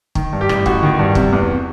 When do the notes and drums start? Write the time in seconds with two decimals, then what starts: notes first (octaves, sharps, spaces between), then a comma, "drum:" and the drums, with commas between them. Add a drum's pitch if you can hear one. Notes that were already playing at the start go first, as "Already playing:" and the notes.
0.15 D#3, drum: kick
0.33 G2
0.41 G4
0.49 A1, drum: rim click
0.66 A1 F#4, drum: kick
0.83 D#3
0.99 G2
1.15 C3, drum: kick
1.32 E2